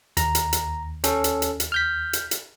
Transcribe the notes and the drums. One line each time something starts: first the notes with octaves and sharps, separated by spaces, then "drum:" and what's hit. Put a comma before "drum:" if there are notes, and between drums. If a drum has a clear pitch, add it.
D#2 A#5, drum: hi-hat
drum: hi-hat
drum: hi-hat
C#4 A4, drum: hi-hat
drum: hi-hat
drum: hi-hat
drum: hi-hat
F6 G6 B6
drum: hi-hat
drum: hi-hat